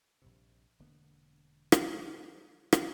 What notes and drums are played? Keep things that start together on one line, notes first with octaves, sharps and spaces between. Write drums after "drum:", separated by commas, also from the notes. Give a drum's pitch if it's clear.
A#1 G2 C3
E1 D3 A#3 B3
drum: rim click
drum: rim click